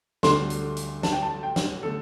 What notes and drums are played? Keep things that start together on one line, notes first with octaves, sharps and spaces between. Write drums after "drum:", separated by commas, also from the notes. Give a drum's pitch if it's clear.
D2 D3 G3 D4 C6, drum: snare
drum: hi-hat
drum: hi-hat
A5, drum: snare
G5
A5
G5
drum: snare
D3 A3 A4